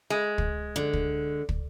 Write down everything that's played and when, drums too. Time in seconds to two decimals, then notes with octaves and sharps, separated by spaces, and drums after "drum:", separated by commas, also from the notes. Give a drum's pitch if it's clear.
0.10 G#3
0.38 drum: kick
0.76 D3
0.93 drum: kick
1.49 drum: kick